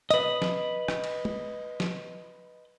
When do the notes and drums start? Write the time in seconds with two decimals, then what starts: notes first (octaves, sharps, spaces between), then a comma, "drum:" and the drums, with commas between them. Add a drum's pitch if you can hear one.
0.11 B4 D#5, drum: hi-hat
0.42 drum: snare
0.88 drum: rim click
1.04 drum: cymbal
1.25 drum: tom
1.80 drum: snare